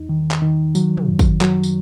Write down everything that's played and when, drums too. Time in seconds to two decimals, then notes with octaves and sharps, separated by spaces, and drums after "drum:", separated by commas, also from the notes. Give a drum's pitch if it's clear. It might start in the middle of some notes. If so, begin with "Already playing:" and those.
Already playing: E2 D#4
0.09 D#3
0.31 drum: clap
0.42 D#3
0.75 F#3, drum: tambourine
0.97 drum: tom
1.08 F#2
1.19 drum: kick, tambourine
1.41 F#3, drum: clap
1.63 drum: tambourine